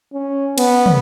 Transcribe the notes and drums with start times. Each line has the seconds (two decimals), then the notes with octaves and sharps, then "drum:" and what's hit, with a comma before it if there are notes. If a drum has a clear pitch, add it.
0.13 C#4
0.58 B3, drum: cymbal
0.86 drum: tom